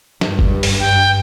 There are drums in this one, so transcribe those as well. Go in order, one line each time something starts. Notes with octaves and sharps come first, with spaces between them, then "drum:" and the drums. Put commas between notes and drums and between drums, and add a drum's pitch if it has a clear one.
G2, drum: snare
drum: kick
drum: open hi-hat
G5